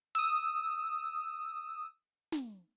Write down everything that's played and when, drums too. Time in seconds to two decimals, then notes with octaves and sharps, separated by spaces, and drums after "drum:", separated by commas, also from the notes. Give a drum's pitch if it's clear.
0.15 D#6 E6, drum: open hi-hat
2.32 drum: snare